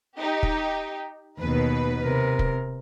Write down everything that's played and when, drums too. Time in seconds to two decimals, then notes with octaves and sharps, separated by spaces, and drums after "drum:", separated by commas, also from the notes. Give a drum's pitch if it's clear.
0.18 D#4 G4
0.43 drum: kick
1.40 D#2 B2 B4
2.03 C3 A#4
2.39 drum: kick